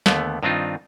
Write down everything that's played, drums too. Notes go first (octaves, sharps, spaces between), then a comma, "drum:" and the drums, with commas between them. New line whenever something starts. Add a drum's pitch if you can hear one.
D#2 D3 A3 B3, drum: snare
G2 D#3 C4 D4 D#4 F4